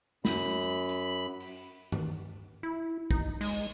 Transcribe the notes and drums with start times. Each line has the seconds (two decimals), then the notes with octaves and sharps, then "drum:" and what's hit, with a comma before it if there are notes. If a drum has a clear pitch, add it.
0.25 F#2 B5, drum: snare
0.89 drum: hi-hat
1.40 drum: open hi-hat
1.92 drum: tom G2
2.63 E4
3.11 D#4, drum: kick
3.41 G#3, drum: cymbal